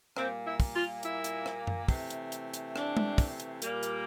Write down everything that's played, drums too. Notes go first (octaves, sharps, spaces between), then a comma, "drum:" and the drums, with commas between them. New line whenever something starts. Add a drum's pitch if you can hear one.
A#2 G3 A#3 C4, drum: rim click
E4
drum: kick, open hi-hat
F4
E4, drum: hi-hat
drum: hi-hat
drum: rim click
drum: tom F#2
C3 E3 A3, drum: kick, open hi-hat
drum: hi-hat
drum: hi-hat
drum: hi-hat
D4, drum: rim click
drum: tom G#3
drum: kick, open hi-hat
drum: hi-hat
A#2 G3 A#3, drum: hi-hat
drum: hi-hat